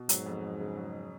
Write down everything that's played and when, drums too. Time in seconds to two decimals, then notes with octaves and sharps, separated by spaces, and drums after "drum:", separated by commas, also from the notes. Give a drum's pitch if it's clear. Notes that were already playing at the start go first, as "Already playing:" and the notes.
Already playing: B2
0.09 G#2 F#3, drum: hi-hat
0.26 F2
0.43 F2
0.60 C#3
0.77 F#3